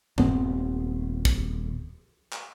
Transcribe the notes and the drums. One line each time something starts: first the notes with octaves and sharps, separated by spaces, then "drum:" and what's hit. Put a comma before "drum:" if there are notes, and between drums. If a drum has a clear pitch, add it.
D#1 B3 C4, drum: tom G2
drum: kick
drum: clap